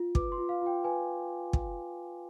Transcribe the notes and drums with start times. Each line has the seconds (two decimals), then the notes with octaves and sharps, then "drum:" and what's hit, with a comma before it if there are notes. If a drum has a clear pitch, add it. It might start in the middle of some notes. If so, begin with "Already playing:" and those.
Already playing: F4
0.15 B4 D6, drum: kick
0.32 C6
0.38 F4
0.49 F5
0.62 F4 G5
0.84 B4 G#5
1.53 drum: kick